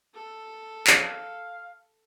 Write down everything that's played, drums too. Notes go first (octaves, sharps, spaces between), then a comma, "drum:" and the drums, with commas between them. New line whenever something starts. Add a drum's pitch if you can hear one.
A4
F5, drum: clap